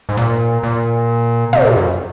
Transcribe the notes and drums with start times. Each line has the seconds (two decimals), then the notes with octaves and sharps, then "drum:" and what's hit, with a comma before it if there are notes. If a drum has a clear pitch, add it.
0.09 G#2
0.17 A#2, drum: hi-hat
0.63 A#2
1.53 C3, drum: tom
1.65 A#2
1.76 F#2